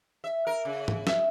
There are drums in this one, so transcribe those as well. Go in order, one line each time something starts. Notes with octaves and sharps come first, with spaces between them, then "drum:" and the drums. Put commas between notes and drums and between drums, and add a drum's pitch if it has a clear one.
E5
A#4
C#3
drum: tom G#2
E5, drum: snare